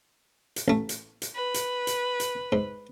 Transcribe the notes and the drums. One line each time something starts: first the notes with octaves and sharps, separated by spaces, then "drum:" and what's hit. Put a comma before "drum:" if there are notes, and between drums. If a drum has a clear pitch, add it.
drum: hi-hat
A1 A3
drum: hi-hat
drum: hi-hat
B4
drum: hi-hat
drum: hi-hat
drum: hi-hat
G#2